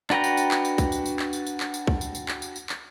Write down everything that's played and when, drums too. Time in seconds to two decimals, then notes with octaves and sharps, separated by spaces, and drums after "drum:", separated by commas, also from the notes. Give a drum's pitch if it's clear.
0.10 D4 F#4 B4 G5 A#5, drum: clap
0.24 drum: tambourine
0.37 drum: tambourine
0.51 drum: clap
0.65 drum: tambourine
0.78 drum: kick, tambourine
0.92 drum: tambourine
1.06 drum: tambourine
1.19 drum: clap
1.33 drum: tambourine
1.47 drum: tambourine
1.60 drum: clap
1.74 drum: tambourine
1.87 drum: kick
2.01 drum: tambourine
2.15 drum: tambourine
2.28 drum: clap
2.42 drum: tambourine
2.56 drum: tambourine
2.69 drum: clap